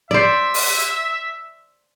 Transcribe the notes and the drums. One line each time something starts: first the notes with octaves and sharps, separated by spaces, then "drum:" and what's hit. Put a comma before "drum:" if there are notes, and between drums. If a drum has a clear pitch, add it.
C5 D5 E5
drum: open hi-hat